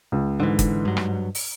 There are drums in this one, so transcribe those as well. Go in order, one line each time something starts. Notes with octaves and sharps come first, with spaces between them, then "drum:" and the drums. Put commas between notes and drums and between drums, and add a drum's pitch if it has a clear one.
C#2
G#2 D3 E3
drum: kick F#1, hi-hat
G2 F#3
drum: rim click
drum: open hi-hat